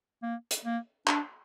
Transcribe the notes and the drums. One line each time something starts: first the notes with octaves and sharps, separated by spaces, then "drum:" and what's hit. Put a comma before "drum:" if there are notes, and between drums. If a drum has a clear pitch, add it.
A#3
drum: hi-hat
A#3
D4, drum: clap